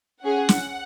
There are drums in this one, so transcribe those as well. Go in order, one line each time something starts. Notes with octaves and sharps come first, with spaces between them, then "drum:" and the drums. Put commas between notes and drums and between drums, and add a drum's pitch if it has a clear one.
C#4 G#4 F#5
drum: snare